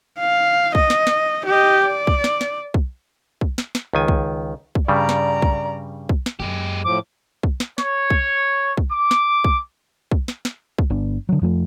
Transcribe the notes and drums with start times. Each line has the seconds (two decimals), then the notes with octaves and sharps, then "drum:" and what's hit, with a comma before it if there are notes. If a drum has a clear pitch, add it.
0.19 F5
0.75 D#5, drum: kick
0.90 drum: snare
1.07 drum: snare
1.46 G4 D#5
1.85 D5
2.07 drum: kick
2.24 drum: snare
2.41 drum: snare
2.74 drum: kick
3.41 drum: kick
3.58 drum: snare
3.75 drum: snare
3.94 C#2 D#3 G#5
4.08 drum: kick
4.75 drum: kick
4.88 G2 C#3 G3 D5 A#5
5.09 drum: snare
5.42 drum: kick
6.09 drum: kick
6.26 drum: snare
6.40 F#2 G#3 G4
6.84 A2 F3 D6
7.43 drum: kick
7.60 drum: snare
7.78 C#5, drum: snare
8.10 drum: kick
8.77 drum: kick
8.90 D6
9.11 drum: snare
9.44 drum: kick
10.11 drum: kick
10.28 drum: snare
10.45 drum: snare
10.78 drum: kick
10.90 G1 B3 D4
11.29 D3 F#3
11.41 F2 F3 A3